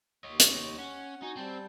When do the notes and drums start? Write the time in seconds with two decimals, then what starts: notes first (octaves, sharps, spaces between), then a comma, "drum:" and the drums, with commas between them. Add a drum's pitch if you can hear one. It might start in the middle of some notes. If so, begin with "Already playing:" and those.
0.24 D#2 C#5 D#5
0.40 drum: hi-hat
0.79 C#4 F#5
1.22 D#4 F#4 G#5
1.37 G3 C4 G5 A5